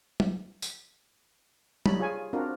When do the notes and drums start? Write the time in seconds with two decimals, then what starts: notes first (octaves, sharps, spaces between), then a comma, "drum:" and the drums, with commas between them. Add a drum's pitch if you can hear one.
0.20 drum: tom
0.62 drum: tambourine
1.86 G3 D#4 C#5 A5 B5, drum: tom
2.00 F4 G#4 C#5 F5 G#5
2.33 C4 D4 F4 F#4 A#4